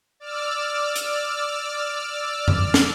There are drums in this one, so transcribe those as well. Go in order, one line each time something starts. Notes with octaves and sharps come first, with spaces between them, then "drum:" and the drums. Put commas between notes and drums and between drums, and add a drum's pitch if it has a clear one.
D5 D6 E6 F6
drum: hi-hat
drum: tom F2
drum: snare